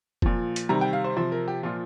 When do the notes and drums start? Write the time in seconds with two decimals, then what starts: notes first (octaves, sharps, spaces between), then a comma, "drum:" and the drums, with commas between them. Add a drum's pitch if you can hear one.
0.22 A#2 F3, drum: kick F1
0.56 drum: hi-hat
0.69 C3 D#3 G3 A#5
0.81 G5
0.93 F5
1.04 C5
1.16 C3 F3 C5
1.32 A#4
1.48 G4
1.63 A#2 F3 F4